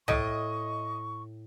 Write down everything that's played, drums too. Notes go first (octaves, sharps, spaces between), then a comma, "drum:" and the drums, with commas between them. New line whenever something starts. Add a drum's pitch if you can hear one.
A2 D#5 C#6, drum: tom